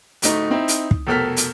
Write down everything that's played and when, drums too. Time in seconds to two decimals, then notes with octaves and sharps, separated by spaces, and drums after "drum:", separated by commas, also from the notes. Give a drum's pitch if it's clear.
0.22 D1 A3 D#4, drum: hi-hat
0.51 C4 D#4 E4
0.68 drum: hi-hat
0.91 drum: kick
1.07 F1 B2 A4 A#4 F6 B6
1.37 drum: hi-hat